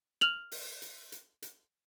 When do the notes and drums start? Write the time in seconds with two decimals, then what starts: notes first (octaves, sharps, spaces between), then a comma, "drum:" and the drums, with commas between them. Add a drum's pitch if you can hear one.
0.21 F6 F7 F#7, drum: rim click
0.52 drum: open hi-hat
0.82 drum: hi-hat
1.12 drum: hi-hat
1.42 drum: hi-hat